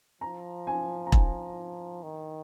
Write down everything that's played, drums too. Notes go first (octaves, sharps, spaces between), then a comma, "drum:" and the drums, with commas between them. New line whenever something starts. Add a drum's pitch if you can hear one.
F3 A#5
G#5
A#5
G#5, drum: kick E1
D#3